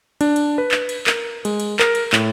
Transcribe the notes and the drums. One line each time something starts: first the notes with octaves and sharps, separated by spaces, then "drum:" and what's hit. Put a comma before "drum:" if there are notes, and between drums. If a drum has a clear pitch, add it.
D4, drum: cymbal
drum: cymbal
B4
drum: clap
drum: cymbal
A#4, drum: clap
G#3, drum: cymbal
drum: cymbal
A#4, drum: clap
drum: cymbal
A2, drum: clap